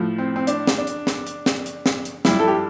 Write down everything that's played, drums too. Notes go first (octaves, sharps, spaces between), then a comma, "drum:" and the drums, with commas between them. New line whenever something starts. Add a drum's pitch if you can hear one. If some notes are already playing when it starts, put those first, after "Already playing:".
Already playing: A2 F3
C4
C4
D4, drum: hi-hat
drum: snare
D4
drum: hi-hat
drum: snare
drum: hi-hat
drum: snare
drum: hi-hat
drum: snare
drum: hi-hat
G2 F3 E4, drum: snare
A4
G4